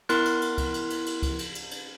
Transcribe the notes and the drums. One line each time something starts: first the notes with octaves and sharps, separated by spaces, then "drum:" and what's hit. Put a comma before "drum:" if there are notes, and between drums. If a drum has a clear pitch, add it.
B3 E4 A#4 C6 F6 F#6, drum: cymbal
drum: cymbal
drum: cymbal
drum: kick, cymbal
drum: cymbal
drum: cymbal
drum: cymbal
drum: kick, cymbal
drum: cymbal
drum: cymbal
drum: cymbal